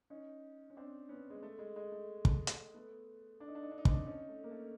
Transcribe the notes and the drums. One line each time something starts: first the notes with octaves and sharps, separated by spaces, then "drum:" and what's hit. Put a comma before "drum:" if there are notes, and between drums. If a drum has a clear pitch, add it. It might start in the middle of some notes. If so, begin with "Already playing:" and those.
C#4 D#4
C#4
C4 D4
B3 C#4
G#3
A3
G#3
G#3
A3
drum: kick
drum: hi-hat
A3 B3
D4
D#4
D4
D#4
D4
D#4
C4 D4, drum: kick
C#4 D#4
A3
A#3
A3